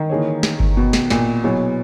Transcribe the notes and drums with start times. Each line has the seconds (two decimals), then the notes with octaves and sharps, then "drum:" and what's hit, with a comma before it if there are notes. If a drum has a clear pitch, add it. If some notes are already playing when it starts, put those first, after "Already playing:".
Already playing: D#3
0.10 E3 A#3 D#4 G#4 C#5
0.43 drum: snare
0.60 drum: kick G1
0.77 B2
0.93 drum: snare
1.10 A#2, drum: snare
1.43 B2 F#3 B3 E4 G#4 C#5